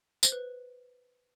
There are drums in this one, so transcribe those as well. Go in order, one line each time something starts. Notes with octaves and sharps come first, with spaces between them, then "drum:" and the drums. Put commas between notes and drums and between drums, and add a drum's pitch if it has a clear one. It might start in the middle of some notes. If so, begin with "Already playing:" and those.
C5, drum: tambourine
B4